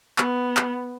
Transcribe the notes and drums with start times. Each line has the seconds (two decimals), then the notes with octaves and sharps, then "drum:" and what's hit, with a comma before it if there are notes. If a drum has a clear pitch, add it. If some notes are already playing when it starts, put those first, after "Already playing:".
0.18 B3, drum: clap
0.57 drum: clap